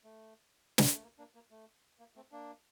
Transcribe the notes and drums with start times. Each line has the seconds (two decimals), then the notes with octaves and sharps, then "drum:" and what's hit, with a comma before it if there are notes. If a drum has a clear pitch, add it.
0.04 A3
0.78 drum: snare
0.93 A3
1.03 A#3
1.18 A#3 D4
1.35 A#3
1.51 A3
1.99 A#3
2.15 A3 C4
2.32 A#3 D4